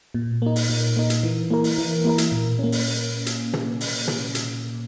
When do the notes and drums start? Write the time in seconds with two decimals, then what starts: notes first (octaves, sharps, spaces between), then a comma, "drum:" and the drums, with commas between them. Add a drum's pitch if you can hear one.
0.14 A#2
0.42 A#3 D#4
0.56 drum: open hi-hat
0.69 A#2
0.97 A#3 D#4
1.10 drum: hi-hat
1.23 E3
1.50 A#3 E4 A#4
1.64 drum: open hi-hat
1.78 E3
2.04 A#3 E4 A#4
2.18 drum: hi-hat
2.32 A#2
2.59 A#3 C#4
2.72 drum: open hi-hat
3.26 drum: hi-hat
3.53 drum: tom
3.81 drum: open hi-hat
4.08 drum: tom
4.35 drum: hi-hat